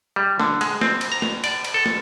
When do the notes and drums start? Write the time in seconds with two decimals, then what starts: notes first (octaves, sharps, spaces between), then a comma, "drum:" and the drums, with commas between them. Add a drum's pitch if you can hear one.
0.16 G3
0.40 D3, drum: snare
0.61 G#3, drum: cymbal
0.81 C4, drum: snare
1.01 drum: cymbal
1.12 A#5
1.22 drum: snare
1.44 D5, drum: cymbal
1.64 drum: cymbal
1.74 A4
1.86 drum: snare